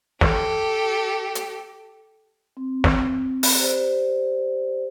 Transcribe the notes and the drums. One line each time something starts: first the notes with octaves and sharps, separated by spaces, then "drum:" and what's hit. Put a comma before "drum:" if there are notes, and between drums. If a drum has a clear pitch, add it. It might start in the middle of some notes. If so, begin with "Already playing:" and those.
G4 A4, drum: snare
drum: hi-hat
C4
drum: snare
drum: open hi-hat
G4 C5 D5